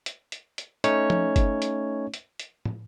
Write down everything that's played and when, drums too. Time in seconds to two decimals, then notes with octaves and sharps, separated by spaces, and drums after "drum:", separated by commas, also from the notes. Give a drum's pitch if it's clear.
0.06 drum: hi-hat
0.32 drum: hi-hat
0.58 drum: hi-hat
0.84 A3 C#4 D#4 C#5, drum: hi-hat
1.10 drum: tom
1.36 drum: kick F#1, hi-hat
1.62 drum: hi-hat
2.14 drum: hi-hat
2.40 drum: hi-hat
2.65 drum: tom